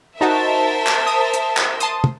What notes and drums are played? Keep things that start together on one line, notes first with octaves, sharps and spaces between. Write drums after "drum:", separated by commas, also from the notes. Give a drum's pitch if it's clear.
D#4 F#4 A#4 C5 E5 A5
drum: clap
D#6
drum: hi-hat
drum: clap
A5 C6 D#6, drum: hi-hat
drum: tom